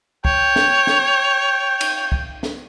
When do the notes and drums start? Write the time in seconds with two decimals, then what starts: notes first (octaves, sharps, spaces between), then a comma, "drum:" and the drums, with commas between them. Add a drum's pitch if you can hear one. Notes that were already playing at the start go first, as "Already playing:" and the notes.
0.25 C#5 G5, drum: kick
0.56 drum: snare
0.87 drum: snare
1.81 drum: cymbal
2.12 drum: kick
2.43 drum: snare